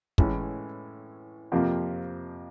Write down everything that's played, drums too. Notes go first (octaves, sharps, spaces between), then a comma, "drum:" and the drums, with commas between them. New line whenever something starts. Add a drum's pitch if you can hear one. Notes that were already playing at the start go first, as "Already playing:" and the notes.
A2 E3 G#3 C#4, drum: kick
F2 C3 F3 A#3